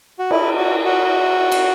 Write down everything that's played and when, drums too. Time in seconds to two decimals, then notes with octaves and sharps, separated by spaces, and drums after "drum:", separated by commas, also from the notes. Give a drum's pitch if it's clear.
0.19 F#4
0.31 E4, drum: cymbal
0.57 F#4
0.85 F#4
1.52 drum: cymbal